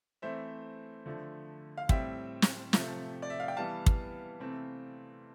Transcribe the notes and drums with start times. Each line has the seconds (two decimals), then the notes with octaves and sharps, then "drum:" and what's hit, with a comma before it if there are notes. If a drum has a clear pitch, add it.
0.22 E3 A3 C4 C5 E5
1.06 D3 F3 A3
1.77 F5
1.89 A2 G3 C4 E5 G5, drum: kick
2.42 drum: snare
2.73 C3 F3 A3, drum: snare
3.22 D5
3.30 E5
3.40 F5
3.48 G5
3.57 E3 G3 B3 F5 A5
3.86 drum: kick
4.40 C3 E3 A3 C4